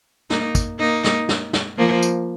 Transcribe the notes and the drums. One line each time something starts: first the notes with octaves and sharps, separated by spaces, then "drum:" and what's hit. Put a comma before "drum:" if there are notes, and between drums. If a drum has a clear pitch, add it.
A#3 D#4, drum: snare
drum: kick, tambourine
A#3 D#4
drum: snare
drum: snare
drum: snare
F3 A#3
drum: tambourine